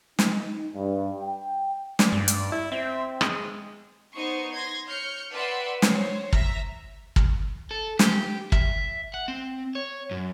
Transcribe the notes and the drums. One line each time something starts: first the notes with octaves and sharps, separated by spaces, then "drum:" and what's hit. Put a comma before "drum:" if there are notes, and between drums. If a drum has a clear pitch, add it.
D#4, drum: snare
G2
G5
D5, drum: snare
G2
drum: hi-hat
E4
C4 E5
G#3, drum: rim click
B3 D#4 C5 C#6 C#7
C6 G#6 A#6
C#5 F6 G6 C#7
B4 D5 E5 F#5 G5 C6
C5 C#5, drum: snare
E5 A#5 A#6 B6, drum: kick
drum: kick
A4
G4, drum: snare
E5, drum: kick
F#5
C4
C#5
F#2